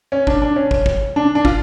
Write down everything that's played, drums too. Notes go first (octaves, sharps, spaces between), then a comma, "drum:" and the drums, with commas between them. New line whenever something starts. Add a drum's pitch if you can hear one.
C#4
D4, drum: kick
D4
C#4
drum: kick
drum: kick
D4
D4
F4, drum: kick